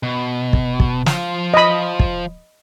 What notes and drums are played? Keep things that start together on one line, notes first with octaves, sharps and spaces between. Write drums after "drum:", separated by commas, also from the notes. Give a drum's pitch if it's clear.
B2
drum: kick
drum: kick
F3 F5, drum: snare
D#5 B5
drum: kick